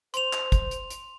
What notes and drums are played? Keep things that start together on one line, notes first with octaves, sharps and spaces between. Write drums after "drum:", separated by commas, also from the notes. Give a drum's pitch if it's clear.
C5 C6 F7, drum: hi-hat
drum: clap
drum: kick, hi-hat
drum: hi-hat
drum: hi-hat